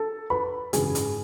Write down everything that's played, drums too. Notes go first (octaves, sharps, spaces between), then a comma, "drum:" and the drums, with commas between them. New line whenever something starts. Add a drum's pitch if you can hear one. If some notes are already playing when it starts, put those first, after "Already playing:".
Already playing: A4 A5
B4 B5
G#1 F#2 C#3 E3 G#4 G#5, drum: hi-hat
drum: hi-hat